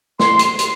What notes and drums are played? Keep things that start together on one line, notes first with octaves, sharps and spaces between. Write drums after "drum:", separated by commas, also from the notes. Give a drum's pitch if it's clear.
C6, drum: snare
drum: hi-hat
drum: hi-hat